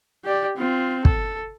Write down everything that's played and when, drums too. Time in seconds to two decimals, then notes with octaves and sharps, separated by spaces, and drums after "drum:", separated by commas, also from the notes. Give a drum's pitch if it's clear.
0.25 G4 D5
0.57 C4 F4
1.05 A4, drum: kick